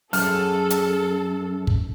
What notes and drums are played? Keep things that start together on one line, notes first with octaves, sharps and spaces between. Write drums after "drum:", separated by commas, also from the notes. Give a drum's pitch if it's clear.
F#2 G#4 A4 F6, drum: open hi-hat
drum: hi-hat
drum: kick